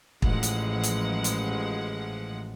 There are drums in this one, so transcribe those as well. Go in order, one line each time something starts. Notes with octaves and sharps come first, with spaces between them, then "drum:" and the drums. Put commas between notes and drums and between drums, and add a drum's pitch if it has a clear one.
A1 F3 G#3 F#5, drum: kick
drum: hi-hat
drum: hi-hat
drum: hi-hat